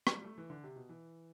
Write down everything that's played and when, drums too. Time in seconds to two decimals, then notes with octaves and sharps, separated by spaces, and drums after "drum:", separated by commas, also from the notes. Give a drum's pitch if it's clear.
0.07 F#3, drum: rim click
0.11 G3
0.25 A3
0.38 E3
0.50 D3
0.64 C3
0.76 B2
0.89 E3